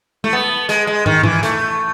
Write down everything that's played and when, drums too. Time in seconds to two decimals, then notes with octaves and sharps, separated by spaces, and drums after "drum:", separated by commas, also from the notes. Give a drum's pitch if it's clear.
0.24 A3, drum: tom
0.33 B3
0.69 G#3, drum: hi-hat
0.87 G#3
1.06 D#3, drum: tom
1.23 E3, drum: tom G#2
1.43 A3, drum: hi-hat